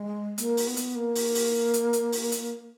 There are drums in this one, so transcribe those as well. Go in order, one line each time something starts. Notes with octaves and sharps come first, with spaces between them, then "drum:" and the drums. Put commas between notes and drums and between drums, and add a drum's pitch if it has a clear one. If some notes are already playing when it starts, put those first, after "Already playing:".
Already playing: G#3
A#3, drum: hi-hat
drum: open hi-hat
B3
drum: hi-hat
A#3
drum: open hi-hat
drum: open hi-hat
drum: hi-hat
drum: hi-hat
drum: open hi-hat
drum: hi-hat